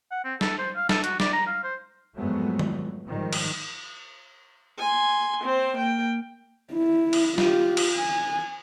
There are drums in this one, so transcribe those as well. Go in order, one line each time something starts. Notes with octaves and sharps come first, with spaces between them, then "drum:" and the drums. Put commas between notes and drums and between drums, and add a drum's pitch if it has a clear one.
F#5
C4
A4, drum: snare
C5
F5
A4, drum: snare
F#4, drum: hi-hat
D5, drum: snare
A#5
F5
C5
F2 G#2 F#3 G#3 A3 B3
drum: tom D#3
G#2 D#3 F3 G3
drum: cymbal
G#5 C6
C4 C5
A#3 G5
E4
drum: cymbal
F4 G4, drum: snare
drum: cymbal
G#5